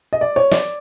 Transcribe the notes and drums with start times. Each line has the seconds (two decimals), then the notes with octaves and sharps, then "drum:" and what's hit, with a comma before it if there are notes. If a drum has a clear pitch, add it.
0.13 D#5
0.21 D5
0.36 C#5
0.51 D5, drum: snare